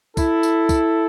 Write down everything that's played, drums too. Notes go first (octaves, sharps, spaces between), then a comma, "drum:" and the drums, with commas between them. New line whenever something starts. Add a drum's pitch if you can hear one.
E4 A4, drum: kick, tambourine
drum: tambourine
drum: kick, tambourine